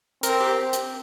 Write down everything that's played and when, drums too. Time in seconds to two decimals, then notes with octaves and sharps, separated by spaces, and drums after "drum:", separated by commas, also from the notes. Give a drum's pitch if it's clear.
0.23 C4 A#4, drum: hi-hat
0.40 G4
0.73 drum: hi-hat